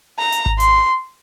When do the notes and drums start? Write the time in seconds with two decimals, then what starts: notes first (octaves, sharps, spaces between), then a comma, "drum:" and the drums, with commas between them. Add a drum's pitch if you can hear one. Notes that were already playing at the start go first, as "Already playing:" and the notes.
0.19 A#5
0.32 drum: hi-hat
0.46 drum: kick G#1
0.60 C6, drum: hi-hat